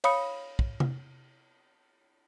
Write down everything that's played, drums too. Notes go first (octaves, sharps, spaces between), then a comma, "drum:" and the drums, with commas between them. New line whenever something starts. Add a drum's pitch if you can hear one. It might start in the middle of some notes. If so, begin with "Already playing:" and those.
C#5 F5 B5 D#6 C#7, drum: cymbal
drum: kick
drum: tom C3